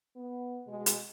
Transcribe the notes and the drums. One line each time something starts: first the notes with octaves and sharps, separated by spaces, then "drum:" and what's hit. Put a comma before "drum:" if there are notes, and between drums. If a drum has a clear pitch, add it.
B3
B2 G#3
drum: hi-hat